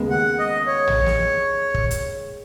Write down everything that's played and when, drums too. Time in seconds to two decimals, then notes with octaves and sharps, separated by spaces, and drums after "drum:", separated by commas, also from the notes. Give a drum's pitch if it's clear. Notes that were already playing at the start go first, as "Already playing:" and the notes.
Already playing: D#2 C#3 G#3 B3
0.10 F#5
0.39 D#5
0.67 C#5
0.88 drum: tom
1.06 drum: snare
1.74 drum: kick
1.91 drum: hi-hat